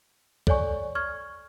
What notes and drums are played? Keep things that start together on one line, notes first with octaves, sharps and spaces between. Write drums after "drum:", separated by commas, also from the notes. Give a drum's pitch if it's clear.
A4 C#5 D5 G#5 C#6, drum: kick C2
C#6 F6 G#6